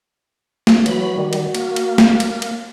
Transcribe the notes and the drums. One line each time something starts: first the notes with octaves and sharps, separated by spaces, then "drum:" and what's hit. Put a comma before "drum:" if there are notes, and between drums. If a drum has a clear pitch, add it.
drum: snare
E3 F#3 F#4 B5, drum: cymbal
D#3 G3
drum: cymbal
A#3, drum: cymbal
drum: cymbal
drum: snare
drum: cymbal
drum: cymbal